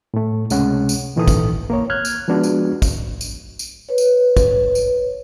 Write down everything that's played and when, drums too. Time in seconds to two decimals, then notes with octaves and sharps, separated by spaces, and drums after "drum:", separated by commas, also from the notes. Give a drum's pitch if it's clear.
0.14 A2 A3
0.50 C#2 C3 G#3 C#4 F#5, drum: tambourine
0.89 drum: tambourine
1.16 A#2 D#3 E3 E4 A4 D#6
1.28 drum: kick, tambourine
1.70 A#3 A#4 C#5
1.90 F6 F#6 G#6
2.05 drum: tambourine
2.28 F3 G#3 B3 D4 F#4
2.43 drum: tambourine
2.82 drum: kick, tambourine
3.21 drum: tambourine
3.59 drum: tambourine
3.89 B4 C#5
3.98 drum: tambourine
4.37 drum: kick, tambourine
4.75 drum: tambourine